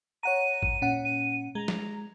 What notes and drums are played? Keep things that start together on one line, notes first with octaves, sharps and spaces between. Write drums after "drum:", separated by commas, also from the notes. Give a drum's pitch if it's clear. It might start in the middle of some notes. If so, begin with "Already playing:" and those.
C#5 F#5 A#5 D#7
drum: kick
A#2 C#4 F#5
D#7
G#3 A#5
drum: snare